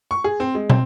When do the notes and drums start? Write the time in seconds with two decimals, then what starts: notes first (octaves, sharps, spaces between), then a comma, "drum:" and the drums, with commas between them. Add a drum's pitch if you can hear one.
0.11 C#6
0.24 G#4
0.40 C4
0.55 G#3
0.70 C4, drum: tom